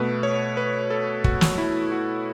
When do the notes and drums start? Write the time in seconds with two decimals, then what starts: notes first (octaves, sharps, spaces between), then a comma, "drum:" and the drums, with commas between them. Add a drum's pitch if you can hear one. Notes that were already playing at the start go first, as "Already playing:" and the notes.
Already playing: B2 A3 B4
0.23 C#5
0.57 B4
0.90 A4
1.24 F#4, drum: kick
1.41 drum: snare
1.58 E4
1.92 F#4